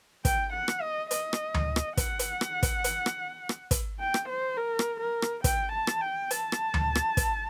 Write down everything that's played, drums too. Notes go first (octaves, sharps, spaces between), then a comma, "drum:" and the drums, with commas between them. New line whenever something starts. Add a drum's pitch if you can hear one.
G5, drum: kick, hi-hat
F#5
drum: rim click
D#5
D#5, drum: hi-hat
drum: rim click
drum: tom D2
drum: rim click
F#5, drum: kick, hi-hat
drum: hi-hat
drum: rim click
drum: kick, hi-hat
drum: hi-hat
drum: rim click
drum: rim click
drum: kick, hi-hat
G5
drum: rim click
C5
A#4
drum: rim click
A#4
drum: rim click
G5, drum: kick, hi-hat
A5
drum: rim click
G5
A5, drum: hi-hat
drum: rim click
drum: tom D2
drum: rim click
drum: kick, hi-hat